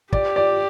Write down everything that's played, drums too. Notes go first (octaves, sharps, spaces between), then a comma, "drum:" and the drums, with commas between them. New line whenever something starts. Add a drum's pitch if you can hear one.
G4 D5, drum: kick
D5